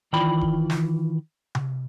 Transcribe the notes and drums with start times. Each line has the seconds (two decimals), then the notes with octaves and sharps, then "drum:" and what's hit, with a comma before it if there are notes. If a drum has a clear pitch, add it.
0.13 D#3 E3 F4 D5 G5 B5
0.41 drum: kick D#1
0.70 drum: snare
1.55 drum: tom C3